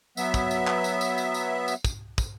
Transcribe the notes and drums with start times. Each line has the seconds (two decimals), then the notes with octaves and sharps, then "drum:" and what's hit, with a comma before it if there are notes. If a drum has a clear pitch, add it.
0.17 F#3 B3 E5, drum: tambourine
0.34 drum: kick, tambourine
0.51 drum: tambourine
0.67 drum: clap
0.84 drum: tambourine
1.01 drum: tambourine
1.18 drum: tambourine
1.34 drum: tambourine
1.68 drum: tambourine
1.85 drum: kick, tambourine
2.18 drum: kick, tambourine